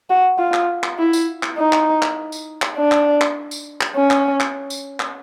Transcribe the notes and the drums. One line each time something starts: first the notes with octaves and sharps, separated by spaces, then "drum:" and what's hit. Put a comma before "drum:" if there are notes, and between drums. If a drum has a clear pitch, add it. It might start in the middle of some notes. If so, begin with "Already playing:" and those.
F#4
F4
drum: clap
drum: clap
E4
drum: tambourine
drum: clap
D#4
drum: clap
drum: clap
drum: tambourine
drum: clap
D4
drum: clap
drum: clap
drum: tambourine
drum: clap
C#4
drum: clap
drum: clap
drum: tambourine
drum: clap